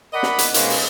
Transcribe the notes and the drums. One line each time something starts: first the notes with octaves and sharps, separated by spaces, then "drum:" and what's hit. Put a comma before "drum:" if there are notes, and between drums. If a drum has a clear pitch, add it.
A#4 D5 D#5 F#5 B5
drum: snare
drum: hi-hat
B2 G#3 A#3 C#4 B4 C5, drum: hi-hat
drum: open hi-hat